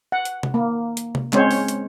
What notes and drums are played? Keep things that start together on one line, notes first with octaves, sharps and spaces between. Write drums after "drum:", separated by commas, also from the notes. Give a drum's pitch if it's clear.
F#5
drum: hi-hat
drum: tom C3
A#3
drum: hi-hat
drum: tom C3
G#3 C4 C#4 C5 C#5, drum: clap
drum: open hi-hat
drum: hi-hat